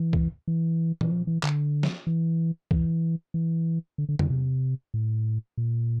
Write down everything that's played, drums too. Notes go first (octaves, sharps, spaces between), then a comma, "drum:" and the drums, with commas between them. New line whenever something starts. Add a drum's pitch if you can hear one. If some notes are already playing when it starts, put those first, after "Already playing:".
Already playing: E3
drum: kick
E3
E3, drum: tom
F3
E3
D3, drum: clap
drum: snare
E3
E3, drum: kick
E3
D3
D3
D3, drum: tom
C3
A2
A#2